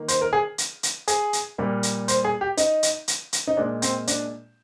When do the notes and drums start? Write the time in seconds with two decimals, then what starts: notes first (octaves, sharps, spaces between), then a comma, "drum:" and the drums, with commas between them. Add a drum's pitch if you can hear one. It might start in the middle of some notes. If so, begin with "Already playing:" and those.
Already playing: D#3 A#3
0.08 C5, drum: hi-hat
0.21 A#4
0.33 G#4
0.58 drum: hi-hat
0.83 drum: hi-hat
1.08 G#4, drum: hi-hat
1.33 drum: hi-hat
1.58 A#2 G3 A#3
1.83 drum: hi-hat
2.08 C5, drum: hi-hat
2.25 G#4
2.41 G4
2.57 D#4, drum: hi-hat
2.83 drum: hi-hat
3.08 drum: hi-hat
3.33 drum: hi-hat
3.47 D#4
3.57 A#2 G#3 D4
3.82 C4, drum: hi-hat
4.07 D4, drum: hi-hat